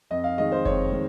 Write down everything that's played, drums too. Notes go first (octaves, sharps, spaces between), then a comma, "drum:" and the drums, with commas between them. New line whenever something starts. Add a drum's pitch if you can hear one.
F2 D#5
F5
D#3 G#3 D#5
C5
F2 C#5, drum: kick F#1
D#3 G#3